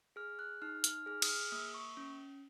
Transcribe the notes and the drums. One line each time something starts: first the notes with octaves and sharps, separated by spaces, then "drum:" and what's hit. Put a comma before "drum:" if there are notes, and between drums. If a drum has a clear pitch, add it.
G#4 F6
F#6
D#4 F6
F6, drum: hi-hat
G#4 F6
D#6, drum: cymbal
F6
A#3 D#6
C#6
C#4